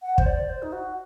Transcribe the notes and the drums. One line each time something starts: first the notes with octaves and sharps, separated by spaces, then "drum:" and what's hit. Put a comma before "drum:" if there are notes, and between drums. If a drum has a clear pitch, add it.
F#5
C5, drum: kick
D5
C5
D#4
F#4